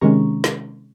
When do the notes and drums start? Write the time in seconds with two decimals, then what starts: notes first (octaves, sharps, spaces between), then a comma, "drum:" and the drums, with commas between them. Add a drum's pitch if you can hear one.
0.01 C3 D#3 G#3 C#4 A#5 C#6
0.44 drum: snare